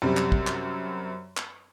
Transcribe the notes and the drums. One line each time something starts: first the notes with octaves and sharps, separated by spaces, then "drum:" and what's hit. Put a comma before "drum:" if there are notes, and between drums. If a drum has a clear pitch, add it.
F#2 C3 G3
drum: clap
drum: kick
drum: clap
drum: clap